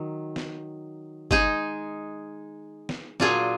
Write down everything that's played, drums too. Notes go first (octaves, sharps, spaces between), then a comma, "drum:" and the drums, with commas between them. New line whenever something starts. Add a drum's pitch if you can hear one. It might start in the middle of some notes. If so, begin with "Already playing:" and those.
Already playing: D#3 F#3
drum: snare
G#3 D#4 G#4, drum: kick G1
drum: snare
A#2 F#3 D4 F4 G#4, drum: snare